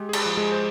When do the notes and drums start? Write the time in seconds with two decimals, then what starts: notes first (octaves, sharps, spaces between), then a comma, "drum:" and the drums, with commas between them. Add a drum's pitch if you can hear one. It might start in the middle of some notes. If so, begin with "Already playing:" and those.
Already playing: G#3 G4
0.09 G#4
0.13 G4, drum: cymbal
0.26 F3
0.37 G#3 G#4
0.52 C5